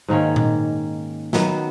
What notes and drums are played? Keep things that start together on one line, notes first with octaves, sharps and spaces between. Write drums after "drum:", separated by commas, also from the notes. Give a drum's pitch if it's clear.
G#2 D#3 A#3 C#4
drum: tom A#2
D#3 F#3 B3, drum: snare